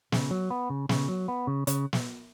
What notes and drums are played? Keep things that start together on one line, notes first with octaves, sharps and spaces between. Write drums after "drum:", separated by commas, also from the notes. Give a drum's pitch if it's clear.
C#3, drum: snare
F#3
B3
C#3
C#3, drum: snare
F#3
B3
C#3
C#3, drum: hi-hat
drum: snare